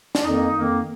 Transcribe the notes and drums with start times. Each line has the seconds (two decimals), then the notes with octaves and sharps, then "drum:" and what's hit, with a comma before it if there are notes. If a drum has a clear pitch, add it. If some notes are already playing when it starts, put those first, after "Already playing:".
0.15 D4, drum: snare
0.24 F2 D#3 A#3 D#4
0.55 F2 D#3 A#3